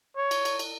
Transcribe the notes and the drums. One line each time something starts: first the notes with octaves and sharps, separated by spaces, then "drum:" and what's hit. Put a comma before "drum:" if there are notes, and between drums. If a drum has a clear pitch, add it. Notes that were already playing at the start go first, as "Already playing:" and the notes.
C#5
drum: cymbal
drum: cymbal
drum: cymbal